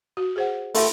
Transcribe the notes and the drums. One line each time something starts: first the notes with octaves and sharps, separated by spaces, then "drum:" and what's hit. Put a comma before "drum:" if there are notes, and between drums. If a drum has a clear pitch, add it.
F#4
G#4 C5 F#5
A3 B5 C6, drum: open hi-hat